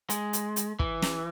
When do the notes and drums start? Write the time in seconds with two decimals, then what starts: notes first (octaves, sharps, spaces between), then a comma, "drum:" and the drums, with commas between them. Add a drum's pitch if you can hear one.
0.10 G#3, drum: hi-hat
0.33 drum: hi-hat
0.56 drum: hi-hat
0.79 E3, drum: kick
1.02 drum: snare